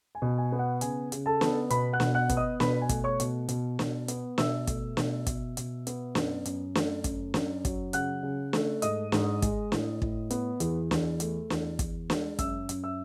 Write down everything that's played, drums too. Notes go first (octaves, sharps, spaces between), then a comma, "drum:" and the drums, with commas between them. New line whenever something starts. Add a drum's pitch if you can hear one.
G#5
B2
G#5
B3
F#5
C#3 G#5, drum: hi-hat
C#3, drum: hi-hat
A4 A5
B3, drum: snare
B2 B4 B5, drum: hi-hat
F#5 F#6
B2, drum: snare
F#5 F#6
B3, drum: kick, hi-hat
D#5 D#6
B2 B4 B5, drum: snare
G#5
A3, drum: kick, hi-hat
C#5 C#6
B2, drum: hi-hat
B2, drum: hi-hat
B2, drum: snare
B3, drum: hi-hat
B2 E5 E6, drum: snare
A3, drum: kick, hi-hat
B2, drum: snare
B2, drum: kick, hi-hat
B2, drum: hi-hat
B3, drum: hi-hat
F#2, drum: snare
F#2, drum: hi-hat
A3, drum: snare
F#2, drum: kick, hi-hat
F#2, drum: snare
F#3, drum: kick, hi-hat
C#3 F#5 F#6, drum: hi-hat
C#3
A3, drum: snare
G#2 D#5 D#6, drum: hi-hat
G#2, drum: snare
G#3, drum: kick, hi-hat
A2, drum: snare
A2, drum: kick
B3, drum: hi-hat
E2, drum: hi-hat
E2, drum: snare
A3, drum: hi-hat
E2, drum: snare
E2, drum: kick, hi-hat
G#3, drum: snare
F#2 E5 E6, drum: kick, hi-hat
F#2, drum: hi-hat
E5 E6